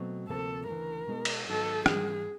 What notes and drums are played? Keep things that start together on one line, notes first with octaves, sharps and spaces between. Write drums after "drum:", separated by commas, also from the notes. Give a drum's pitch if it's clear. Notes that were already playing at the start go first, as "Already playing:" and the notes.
Already playing: B2 F#3 A3 C4
D2 C3 F3 A#3 A4
D2 C#3 E3 A#4
B2 G#3 B3 D#4
drum: cymbal
G#2 D#3 F#3 B3 D#4 A4
G#2 E3 G3 G#4, drum: rim click